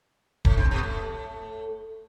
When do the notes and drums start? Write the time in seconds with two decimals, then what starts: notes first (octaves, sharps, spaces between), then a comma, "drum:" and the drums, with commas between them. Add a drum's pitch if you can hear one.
0.45 A2 A3, drum: kick D#1
0.57 C3 C4
0.71 B2 B3
0.83 A2 A3